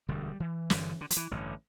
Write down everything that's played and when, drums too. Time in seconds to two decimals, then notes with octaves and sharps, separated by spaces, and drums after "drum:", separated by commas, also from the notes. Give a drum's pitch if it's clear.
0.09 E1 D2 D3 G3
0.40 E3
0.70 G1 G2 D3, drum: snare
1.01 D3
1.10 F3, drum: hi-hat
1.17 E3
1.31 A1 G2 D3 E3